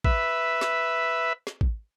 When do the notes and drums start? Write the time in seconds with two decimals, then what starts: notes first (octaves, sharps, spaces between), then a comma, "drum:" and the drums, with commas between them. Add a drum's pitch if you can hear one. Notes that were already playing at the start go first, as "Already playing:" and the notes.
0.04 B4 E5, drum: kick
0.61 drum: snare
1.47 drum: snare
1.61 drum: kick